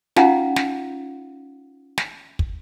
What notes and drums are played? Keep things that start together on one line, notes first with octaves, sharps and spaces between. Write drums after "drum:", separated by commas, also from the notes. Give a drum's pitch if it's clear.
C#4 D#4 F4 F5 F#5 A#5, drum: snare
drum: snare
drum: snare
drum: kick